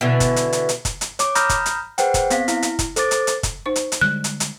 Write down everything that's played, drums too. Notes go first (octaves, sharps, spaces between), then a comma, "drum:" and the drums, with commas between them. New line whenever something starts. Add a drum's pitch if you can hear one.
B2 D3 E3
drum: kick, hi-hat
drum: hi-hat
drum: hi-hat
drum: hi-hat
drum: kick, hi-hat
drum: hi-hat
C#5 D6, drum: hi-hat
A#5 B5 D#6 F6 G6 A#6, drum: hi-hat
drum: kick, hi-hat
drum: hi-hat
G#4 B4 C5 F#5 G5, drum: hi-hat
drum: kick, hi-hat
B3 C4 F5 B6, drum: hi-hat
E4, drum: hi-hat
drum: hi-hat
drum: kick, hi-hat
A4 C5 D6 A6, drum: hi-hat
drum: hi-hat
drum: hi-hat
drum: kick, hi-hat
D#4 C5 C#6
drum: hi-hat
drum: hi-hat
D3 G3 G#3 F#6
drum: hi-hat
drum: hi-hat